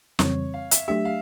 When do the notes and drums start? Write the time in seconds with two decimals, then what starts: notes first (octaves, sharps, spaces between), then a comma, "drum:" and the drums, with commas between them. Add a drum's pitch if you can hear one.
0.19 F2 C#3 E3 G3 C4 C#5, drum: snare
0.54 F5
0.71 E5, drum: hi-hat
0.88 F#3 A3 D4 G4 E5
1.05 F5